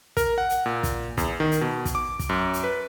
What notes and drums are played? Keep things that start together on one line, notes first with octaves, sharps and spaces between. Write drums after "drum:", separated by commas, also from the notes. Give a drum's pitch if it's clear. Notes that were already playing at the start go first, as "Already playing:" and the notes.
A#4, drum: kick, hi-hat
F#5
drum: hi-hat
A#2
drum: kick, hi-hat
E2, drum: kick, hi-hat
D#3
drum: hi-hat
B2
drum: kick, hi-hat
D6
drum: kick, hi-hat
F#2
drum: hi-hat
B4